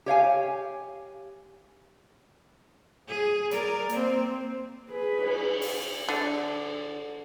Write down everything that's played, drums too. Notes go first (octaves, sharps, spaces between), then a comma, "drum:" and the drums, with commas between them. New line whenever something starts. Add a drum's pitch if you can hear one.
G4 C#5 F5 G#5
G#4
A#4 D5, drum: hi-hat
A#3 C4, drum: hi-hat
G#4 B4
drum: cymbal
drum: open hi-hat
D3